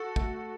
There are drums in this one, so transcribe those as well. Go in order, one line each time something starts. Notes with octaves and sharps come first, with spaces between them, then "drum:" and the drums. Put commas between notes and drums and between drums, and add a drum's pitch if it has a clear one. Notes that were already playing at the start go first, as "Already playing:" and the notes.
Already playing: F#4 A4
A3, drum: kick